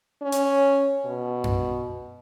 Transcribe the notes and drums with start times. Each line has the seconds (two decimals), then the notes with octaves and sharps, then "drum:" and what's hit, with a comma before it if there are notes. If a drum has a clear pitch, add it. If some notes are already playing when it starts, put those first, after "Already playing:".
0.22 C#4
0.32 drum: hi-hat
1.05 B2
1.44 drum: tom F#2